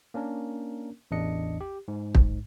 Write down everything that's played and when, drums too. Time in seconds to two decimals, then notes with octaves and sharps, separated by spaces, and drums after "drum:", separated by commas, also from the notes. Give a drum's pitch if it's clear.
0.14 A#3 C#4 D4 A#4
1.11 A1 E2 D4 D#5 C#7
1.61 G4
1.88 G#2
2.15 drum: kick